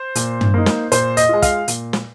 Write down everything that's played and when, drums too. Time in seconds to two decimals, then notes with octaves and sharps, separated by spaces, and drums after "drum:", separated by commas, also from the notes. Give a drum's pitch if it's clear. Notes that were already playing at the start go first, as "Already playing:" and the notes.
Already playing: C5
0.15 A#2, drum: hi-hat
0.41 drum: tom
0.54 A#3 D#4
0.66 drum: snare
0.92 A#2 C5, drum: hi-hat
1.17 D#5, drum: hi-hat
1.29 G#3 F4
1.42 F5, drum: kick, hi-hat
1.68 A#2, drum: hi-hat
1.93 drum: snare